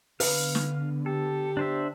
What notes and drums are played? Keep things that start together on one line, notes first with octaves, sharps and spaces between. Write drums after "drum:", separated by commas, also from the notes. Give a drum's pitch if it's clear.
D3 B3 B4 F5, drum: open hi-hat
drum: snare
G4 A4
D4 C5 E5